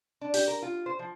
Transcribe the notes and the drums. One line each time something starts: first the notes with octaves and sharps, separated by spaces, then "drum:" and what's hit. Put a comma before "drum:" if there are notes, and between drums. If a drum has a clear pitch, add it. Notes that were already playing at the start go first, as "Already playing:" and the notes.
D4
G4, drum: open hi-hat
A#4
F4
C5
F3